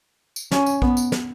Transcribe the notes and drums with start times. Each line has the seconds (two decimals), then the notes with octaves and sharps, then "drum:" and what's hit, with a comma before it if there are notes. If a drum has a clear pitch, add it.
0.36 drum: tambourine
0.51 C#4, drum: snare
0.66 drum: tambourine
0.82 B3, drum: kick
0.97 drum: tambourine
1.12 drum: snare